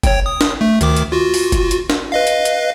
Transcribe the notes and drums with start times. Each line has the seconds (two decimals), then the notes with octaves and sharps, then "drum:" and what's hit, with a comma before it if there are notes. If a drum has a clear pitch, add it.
0.03 C#5 G5, drum: kick F#1, hi-hat
0.26 D#6
0.41 drum: snare
0.61 A3
0.81 D2 D#3 D6, drum: hi-hat
0.97 drum: hi-hat
1.12 F4 F#4
1.34 drum: open hi-hat
1.52 drum: kick F#1, hi-hat
1.71 drum: hi-hat
1.90 drum: snare
2.12 B4 D#5 F5
2.27 drum: hi-hat
2.45 drum: hi-hat